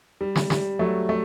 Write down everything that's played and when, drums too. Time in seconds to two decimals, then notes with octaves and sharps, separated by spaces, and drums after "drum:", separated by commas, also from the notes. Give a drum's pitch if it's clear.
0.21 G3
0.36 drum: snare
0.50 G3, drum: snare
0.79 F#3 A3
1.09 A3